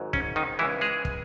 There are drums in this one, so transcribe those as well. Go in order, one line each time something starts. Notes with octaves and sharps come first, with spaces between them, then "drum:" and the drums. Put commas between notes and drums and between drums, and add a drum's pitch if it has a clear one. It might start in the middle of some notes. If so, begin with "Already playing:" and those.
Already playing: G#1 G#2 F#3
C#4, drum: kick
D#3 D#4
C#2 C#3 E3 G#3 E4
G#3 G#4
drum: kick